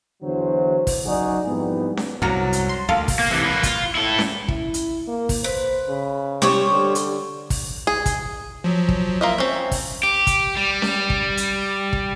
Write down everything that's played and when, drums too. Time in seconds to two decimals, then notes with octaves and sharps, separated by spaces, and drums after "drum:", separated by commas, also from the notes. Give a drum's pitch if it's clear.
0.23 E2 D3 E3 F#3 F#4 C5
0.87 drum: kick, open hi-hat
1.05 F#1 F#3 D#4 F#4 G#4 D5
1.46 F2 G#2 B2 E3 G3 B3
1.97 drum: snare C#4
2.22 C2 F#2 F#3 A#3 F#5 A#5
2.53 drum: hi-hat
2.69 C6
2.89 D2 A4 A#4 F5
3.08 drum: kick, open hi-hat
3.19 A#3
3.31 C3 E3
3.43 A#3 B4
3.63 F4, drum: kick, hi-hat
3.95 E4 A4
4.19 drum: snare C#4
4.48 E4, drum: kick
4.74 drum: hi-hat
5.08 A#3
5.29 drum: kick, open hi-hat
5.44 B4 C5
5.89 C#3
6.42 G3 C5 C#5, drum: snare C#4
6.71 D3
6.95 drum: hi-hat
7.50 drum: kick, open hi-hat
7.87 G#4
8.06 drum: kick, hi-hat
8.64 F3 F#3
8.89 drum: kick
9.21 A#3 F4 D#5 E5
9.38 C4 C#4
9.72 drum: kick, open hi-hat
10.03 G4
10.27 drum: kick, hi-hat
10.57 G3
10.82 drum: snare C#4
11.10 drum: kick
11.37 drum: hi-hat
11.93 drum: kick